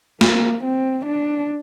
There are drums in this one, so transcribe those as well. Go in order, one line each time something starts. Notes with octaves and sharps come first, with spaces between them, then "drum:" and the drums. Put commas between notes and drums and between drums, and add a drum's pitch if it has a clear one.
A#3, drum: snare
C4
D4